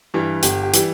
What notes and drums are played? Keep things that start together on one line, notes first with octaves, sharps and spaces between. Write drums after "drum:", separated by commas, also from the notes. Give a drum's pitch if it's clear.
G2 E3 G3
G1 G4, drum: hi-hat
G4
E3 G3, drum: hi-hat